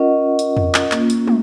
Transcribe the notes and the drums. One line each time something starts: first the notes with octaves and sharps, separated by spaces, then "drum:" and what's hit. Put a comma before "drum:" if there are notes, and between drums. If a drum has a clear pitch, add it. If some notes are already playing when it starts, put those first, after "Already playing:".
Already playing: C#4 F4 A#4 D#5 F#5
drum: hi-hat
drum: tom E2
drum: clap
A#3 C#4 F4, drum: clap
drum: hi-hat
drum: tom